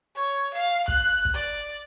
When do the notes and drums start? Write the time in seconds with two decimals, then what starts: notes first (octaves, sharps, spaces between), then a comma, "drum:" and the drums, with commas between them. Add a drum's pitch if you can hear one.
0.16 C#5
0.54 F5
0.88 F#6, drum: kick
1.25 drum: kick, hi-hat
1.34 D5